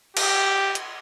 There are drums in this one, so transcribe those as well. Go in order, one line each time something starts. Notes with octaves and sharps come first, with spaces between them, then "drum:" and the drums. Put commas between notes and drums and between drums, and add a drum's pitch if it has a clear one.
G4, drum: cymbal
drum: hi-hat